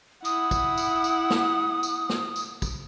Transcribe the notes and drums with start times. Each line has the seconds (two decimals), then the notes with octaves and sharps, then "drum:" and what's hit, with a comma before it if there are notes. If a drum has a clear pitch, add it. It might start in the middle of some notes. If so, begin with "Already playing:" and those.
0.25 E4 F#5 D#6, drum: tambourine
0.51 drum: kick, tambourine
0.78 drum: tambourine
1.04 drum: tambourine
1.30 drum: snare
1.83 drum: tambourine
2.09 drum: snare
2.36 drum: tambourine
2.62 drum: kick, tambourine